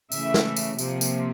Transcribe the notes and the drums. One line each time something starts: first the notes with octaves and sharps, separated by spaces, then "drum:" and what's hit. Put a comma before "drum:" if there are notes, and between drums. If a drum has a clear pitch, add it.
C#3 E3 A3 E5, drum: tambourine
drum: snare
drum: tambourine
C3 F3 A#3, drum: tambourine
drum: tambourine